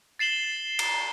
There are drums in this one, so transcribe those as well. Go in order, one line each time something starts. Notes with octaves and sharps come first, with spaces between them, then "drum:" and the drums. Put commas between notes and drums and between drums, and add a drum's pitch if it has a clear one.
A6 C7 E7 F#7 G7
drum: cymbal